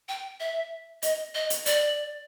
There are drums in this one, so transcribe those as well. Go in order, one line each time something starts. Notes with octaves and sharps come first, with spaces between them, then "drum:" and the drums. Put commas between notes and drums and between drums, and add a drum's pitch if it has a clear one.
G5
E5
D#5, drum: hi-hat
D#5
drum: hi-hat
D5, drum: hi-hat